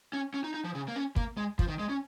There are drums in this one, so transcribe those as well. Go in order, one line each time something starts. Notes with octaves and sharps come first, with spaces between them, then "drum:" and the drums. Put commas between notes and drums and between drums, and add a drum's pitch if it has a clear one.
C#4
C#4
D#4
D#4
F3
C#3
A#3
C#4
A#3, drum: kick
G#3
F3, drum: kick
D#3
G#3
C#4